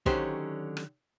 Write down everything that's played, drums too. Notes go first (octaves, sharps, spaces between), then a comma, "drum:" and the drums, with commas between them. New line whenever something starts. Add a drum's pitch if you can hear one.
D3 D#3 F#3 C#4 G4 C5, drum: kick
drum: rim click